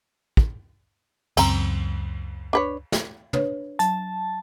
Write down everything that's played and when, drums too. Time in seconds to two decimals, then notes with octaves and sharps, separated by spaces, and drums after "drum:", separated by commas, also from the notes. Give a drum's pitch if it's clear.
0.37 drum: kick
1.37 C#2 F#2 C4 A#5, drum: cymbal
2.53 D4 B4 C#5
2.92 drum: snare
3.33 D4 B4 C#5, drum: tom
3.79 F#3 A5, drum: hi-hat